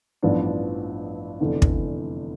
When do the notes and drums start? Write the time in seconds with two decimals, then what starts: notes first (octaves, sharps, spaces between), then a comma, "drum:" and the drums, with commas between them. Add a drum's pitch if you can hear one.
0.22 A1 G2 F3 B3 D4
1.40 F1 E2 D3
1.62 drum: kick